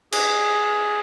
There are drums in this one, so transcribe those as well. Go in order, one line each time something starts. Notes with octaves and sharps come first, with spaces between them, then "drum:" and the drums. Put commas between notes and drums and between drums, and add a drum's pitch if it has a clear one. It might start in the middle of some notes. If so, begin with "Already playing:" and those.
G#4, drum: cymbal